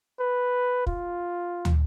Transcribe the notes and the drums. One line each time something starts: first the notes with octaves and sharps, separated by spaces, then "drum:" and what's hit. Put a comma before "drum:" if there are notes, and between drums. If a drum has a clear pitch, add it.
B4
F4, drum: kick
drum: tom